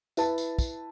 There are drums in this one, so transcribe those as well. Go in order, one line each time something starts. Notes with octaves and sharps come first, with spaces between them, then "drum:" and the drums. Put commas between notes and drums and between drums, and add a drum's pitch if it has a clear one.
E4 B4 A5, drum: tambourine
drum: tambourine
drum: kick, tambourine